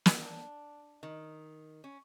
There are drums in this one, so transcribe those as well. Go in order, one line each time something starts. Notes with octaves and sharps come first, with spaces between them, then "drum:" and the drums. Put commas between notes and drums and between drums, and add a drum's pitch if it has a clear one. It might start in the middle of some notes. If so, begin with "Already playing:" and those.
drum: snare
D4
D#3
C#4